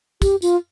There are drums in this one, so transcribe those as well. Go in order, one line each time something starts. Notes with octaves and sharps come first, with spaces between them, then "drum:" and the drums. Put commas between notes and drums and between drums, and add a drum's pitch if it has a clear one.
G4, drum: kick, tambourine
F4, drum: tambourine